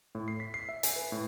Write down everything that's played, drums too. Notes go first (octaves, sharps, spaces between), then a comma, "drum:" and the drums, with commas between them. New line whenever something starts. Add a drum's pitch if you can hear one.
A2
C7
B6
C7
E5
G#5, drum: hi-hat
B4
A2